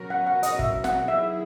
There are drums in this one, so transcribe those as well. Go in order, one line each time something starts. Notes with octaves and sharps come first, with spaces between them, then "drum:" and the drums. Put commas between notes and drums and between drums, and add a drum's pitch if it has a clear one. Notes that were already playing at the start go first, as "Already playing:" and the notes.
Already playing: B2 F#3 C#4 F#4 A#4
F#5
F#5
D#5, drum: hi-hat
E5, drum: kick
F#5, drum: snare
D#3 F#3 B3 E4 G#4 E5